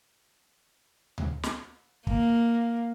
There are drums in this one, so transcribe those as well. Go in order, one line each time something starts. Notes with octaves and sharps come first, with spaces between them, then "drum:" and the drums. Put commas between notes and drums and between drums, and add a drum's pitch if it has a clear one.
drum: tom D2
drum: snare
A#3, drum: kick